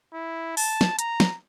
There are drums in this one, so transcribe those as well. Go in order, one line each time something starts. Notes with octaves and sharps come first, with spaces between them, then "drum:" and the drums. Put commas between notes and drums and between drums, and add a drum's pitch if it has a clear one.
E4
A5, drum: open hi-hat
drum: snare
A#5, drum: hi-hat
drum: snare